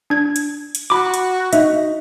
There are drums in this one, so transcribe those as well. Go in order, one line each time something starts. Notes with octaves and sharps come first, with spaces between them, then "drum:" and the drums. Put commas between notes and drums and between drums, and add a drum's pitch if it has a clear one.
D4 G#6
drum: hi-hat
drum: hi-hat
F#4 B5 D6
drum: hi-hat
D#4 E5, drum: hi-hat